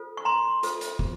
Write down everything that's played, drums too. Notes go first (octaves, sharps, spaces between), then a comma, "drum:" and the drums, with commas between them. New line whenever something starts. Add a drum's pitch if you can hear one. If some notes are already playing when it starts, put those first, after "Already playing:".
Already playing: F4 A4 C5
C#6
A#5 C6
F4 A4 C5, drum: hi-hat
drum: hi-hat
drum: kick